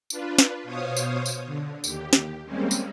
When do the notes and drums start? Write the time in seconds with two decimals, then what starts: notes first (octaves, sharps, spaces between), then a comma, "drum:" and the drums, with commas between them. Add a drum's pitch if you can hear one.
0.10 D4 F4 B4, drum: tambourine
0.39 drum: snare
0.64 B2 C5 C#5 F5 D#6
0.97 drum: tambourine
1.26 drum: tambourine
1.46 D3
1.84 D#2 G4, drum: tambourine
2.13 drum: snare
2.45 G3 G#3 A#3 C4 C#4
2.71 drum: tambourine